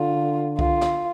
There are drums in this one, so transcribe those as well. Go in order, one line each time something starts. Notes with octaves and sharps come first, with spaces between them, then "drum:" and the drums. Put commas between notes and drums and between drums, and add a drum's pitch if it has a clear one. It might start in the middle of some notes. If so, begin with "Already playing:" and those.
Already playing: D3 F4
F4, drum: kick C2
drum: snare